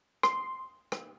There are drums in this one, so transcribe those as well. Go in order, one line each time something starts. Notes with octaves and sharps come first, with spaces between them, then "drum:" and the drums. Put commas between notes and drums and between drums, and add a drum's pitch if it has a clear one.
C6, drum: rim click
drum: rim click